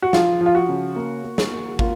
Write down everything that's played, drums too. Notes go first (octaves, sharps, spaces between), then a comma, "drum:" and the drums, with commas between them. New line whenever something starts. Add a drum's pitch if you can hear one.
F#4
F3 F4, drum: snare
F3
F4
F#4
C#3
A#3
A#3
drum: snare
A#3
A#3 F4, drum: kick